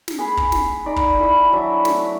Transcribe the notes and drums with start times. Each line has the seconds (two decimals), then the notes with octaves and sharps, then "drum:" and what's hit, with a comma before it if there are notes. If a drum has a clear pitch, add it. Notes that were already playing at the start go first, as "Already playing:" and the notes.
0.08 drum: snare
0.18 G#4 B4
0.37 drum: kick
0.52 drum: snare
0.86 D#4 D5 B5
0.96 drum: kick
1.19 E4 B4 B5 D6
1.52 F#3 D4 E5
1.85 A3, drum: snare